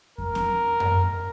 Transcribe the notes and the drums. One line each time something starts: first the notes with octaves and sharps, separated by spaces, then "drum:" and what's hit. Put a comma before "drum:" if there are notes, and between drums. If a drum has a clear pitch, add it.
A#4, drum: kick F2
drum: snare C4
drum: tom F#2